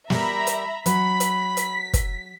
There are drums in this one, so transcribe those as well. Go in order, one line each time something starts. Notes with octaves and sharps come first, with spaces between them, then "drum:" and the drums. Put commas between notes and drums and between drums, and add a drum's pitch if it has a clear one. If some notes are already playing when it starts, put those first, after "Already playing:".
G3 A#4 E5 A#5 B5, drum: snare
drum: hi-hat
F#3 B5 B6, drum: hi-hat
drum: hi-hat
drum: hi-hat
drum: kick, hi-hat